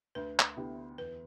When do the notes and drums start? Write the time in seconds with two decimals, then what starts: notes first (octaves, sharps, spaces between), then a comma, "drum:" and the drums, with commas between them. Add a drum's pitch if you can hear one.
0.15 D2 B4
0.39 drum: clap
0.56 D3 B3 E4 G4
0.98 E2 B4